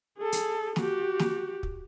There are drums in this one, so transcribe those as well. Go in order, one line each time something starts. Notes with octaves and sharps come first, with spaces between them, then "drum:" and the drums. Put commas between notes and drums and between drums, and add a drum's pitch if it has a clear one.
G#4 A4
drum: hi-hat
F#4 G4, drum: snare
drum: snare
drum: kick